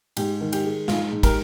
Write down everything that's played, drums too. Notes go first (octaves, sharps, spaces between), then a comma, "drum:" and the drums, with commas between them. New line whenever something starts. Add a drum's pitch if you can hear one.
G#2 G4, drum: cymbal
D#3
G4, drum: cymbal
G#3
G#2 F4 G#4, drum: snare
G#2
G4 A#4, drum: kick, cymbal